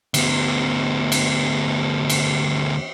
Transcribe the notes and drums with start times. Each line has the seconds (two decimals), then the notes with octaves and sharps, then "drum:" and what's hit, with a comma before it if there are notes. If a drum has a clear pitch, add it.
0.14 D2 B3, drum: cymbal
1.12 drum: cymbal
2.10 drum: cymbal